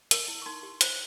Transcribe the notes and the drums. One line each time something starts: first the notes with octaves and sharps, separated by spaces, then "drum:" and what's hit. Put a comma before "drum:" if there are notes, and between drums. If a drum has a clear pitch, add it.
A#4, drum: hi-hat
E4
C#6
D#4 C6
G4
C5, drum: hi-hat